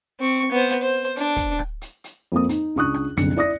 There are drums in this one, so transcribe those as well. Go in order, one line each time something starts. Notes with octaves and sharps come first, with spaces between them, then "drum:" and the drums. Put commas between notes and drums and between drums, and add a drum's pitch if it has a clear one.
C4 C#6
B3 C5
drum: hi-hat
C5
D4, drum: hi-hat
drum: kick, hi-hat
drum: rim click
drum: hi-hat
drum: hi-hat
F2 A#3 D#6
D#4, drum: hi-hat
C#2 D4 C#6 D#6 F#6
drum: rim click
F#1 C2 D3 C#7, drum: hi-hat
E4 D5 D#6 A#6